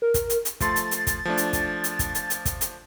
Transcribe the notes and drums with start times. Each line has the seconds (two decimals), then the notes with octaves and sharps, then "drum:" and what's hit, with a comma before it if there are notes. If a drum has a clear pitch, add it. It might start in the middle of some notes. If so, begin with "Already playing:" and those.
0.02 A#4
0.14 drum: kick, hi-hat
0.30 drum: hi-hat
0.45 drum: hi-hat
0.60 F3 A3 C6 A6, drum: kick, hi-hat
0.76 drum: hi-hat
0.91 drum: hi-hat
1.07 drum: kick, hi-hat
1.25 F3 A3 D4
1.38 drum: hi-hat
1.53 drum: kick, hi-hat
1.84 drum: hi-hat
1.99 drum: kick, hi-hat
2.15 drum: hi-hat
2.30 drum: hi-hat
2.45 drum: kick, hi-hat
2.61 drum: hi-hat